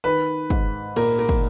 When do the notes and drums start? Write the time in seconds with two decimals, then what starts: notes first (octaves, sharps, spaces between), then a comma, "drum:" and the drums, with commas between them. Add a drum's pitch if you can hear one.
0.04 D#3 B4
0.50 G#2, drum: kick
0.96 A#2 A#4, drum: cymbal
1.19 A#4
1.29 drum: kick